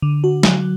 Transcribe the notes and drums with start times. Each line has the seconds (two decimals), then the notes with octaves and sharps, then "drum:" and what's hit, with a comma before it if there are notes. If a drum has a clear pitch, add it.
0.02 D3
0.24 F#4
0.43 F#3, drum: snare